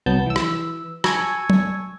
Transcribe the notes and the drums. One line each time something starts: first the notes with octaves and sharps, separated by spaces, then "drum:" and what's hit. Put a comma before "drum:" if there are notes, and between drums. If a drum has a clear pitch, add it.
C2 F#3 B3 A5 G6
E3 E6
drum: rim click
G#5 A5 C#6 E6 G#6, drum: rim click
drum: tom